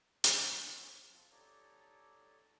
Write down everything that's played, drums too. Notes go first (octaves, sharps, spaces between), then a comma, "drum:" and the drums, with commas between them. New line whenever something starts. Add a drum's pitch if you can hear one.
F4 G#4 A#4, drum: hi-hat
C5 C#5 A5
C4 F4 A5
D#4 G4 A4 C#5 D5 A#5